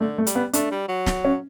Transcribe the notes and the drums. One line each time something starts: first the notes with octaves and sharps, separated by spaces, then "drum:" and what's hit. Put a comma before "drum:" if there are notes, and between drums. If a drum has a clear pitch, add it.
D3 A3
A3
G3, drum: hi-hat
B3
A3 D4, drum: hi-hat
G3
F#3
drum: snare
C#4